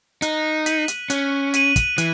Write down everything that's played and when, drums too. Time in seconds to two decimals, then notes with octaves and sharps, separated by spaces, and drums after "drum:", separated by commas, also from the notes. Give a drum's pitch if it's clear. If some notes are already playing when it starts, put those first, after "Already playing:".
0.22 D#4 F#6, drum: hi-hat
0.66 B6 D#7 F#7, drum: hi-hat
0.88 drum: hi-hat
1.10 C#4 F#6, drum: hi-hat
1.54 B6 D#7 F#7, drum: hi-hat
1.76 drum: kick, hi-hat
1.98 E3 F#6, drum: hi-hat